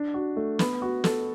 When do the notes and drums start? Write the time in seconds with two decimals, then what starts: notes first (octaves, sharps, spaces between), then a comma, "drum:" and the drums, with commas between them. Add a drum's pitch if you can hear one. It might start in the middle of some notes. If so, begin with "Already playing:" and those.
Already playing: D4
0.14 F#4
0.36 A3
0.59 B3, drum: snare
0.82 F#4
1.04 A4, drum: snare